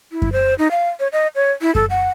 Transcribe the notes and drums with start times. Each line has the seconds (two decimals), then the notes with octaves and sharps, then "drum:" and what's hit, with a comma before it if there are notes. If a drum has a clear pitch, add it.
0.12 E4
0.22 drum: kick F#2
0.32 C5
0.59 D#4
0.71 F5
1.00 C#5
1.13 D#5
1.35 C#5
1.62 E4
1.75 A4, drum: kick F#2
1.90 F#5